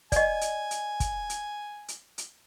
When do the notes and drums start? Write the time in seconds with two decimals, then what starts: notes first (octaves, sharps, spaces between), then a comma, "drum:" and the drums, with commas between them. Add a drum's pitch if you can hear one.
0.12 D5 D#5 G#5, drum: kick, hi-hat
0.41 drum: hi-hat
0.71 drum: hi-hat
1.00 drum: kick, hi-hat
1.30 drum: hi-hat
1.88 drum: hi-hat
2.18 drum: hi-hat